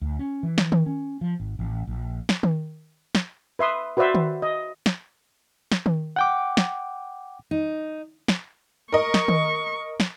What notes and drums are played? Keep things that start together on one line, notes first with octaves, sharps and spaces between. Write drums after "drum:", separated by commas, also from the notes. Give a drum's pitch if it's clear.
D2
C#4
E3
drum: snare
drum: tom D#3
C#4
F3
G#1
A1
A#1
drum: snare
drum: tom D#3
drum: snare
B4 E5 C6 D#6
F#4 B4 C5 D5 E5 C6
drum: tom D#3
D#5
drum: snare
drum: snare
drum: tom D#3
F#5 G5 D6
drum: snare
D#4
drum: snare
A#4 D#5 C#6
drum: snare
drum: tom D#3
drum: snare